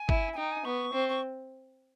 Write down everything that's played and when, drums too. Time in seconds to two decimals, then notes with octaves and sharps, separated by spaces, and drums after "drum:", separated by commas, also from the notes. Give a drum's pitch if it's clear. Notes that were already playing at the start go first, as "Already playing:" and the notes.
Already playing: G#5
0.09 E4, drum: kick
0.33 G#5
0.37 D#4 G5
0.52 G#5
0.65 B3 C#6
0.93 C4
1.09 C#6